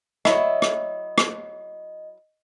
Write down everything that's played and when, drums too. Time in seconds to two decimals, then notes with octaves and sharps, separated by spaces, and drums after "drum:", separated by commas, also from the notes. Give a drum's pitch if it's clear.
0.25 F#3 E4 D#5 E5, drum: rim click
0.62 drum: rim click
1.18 drum: rim click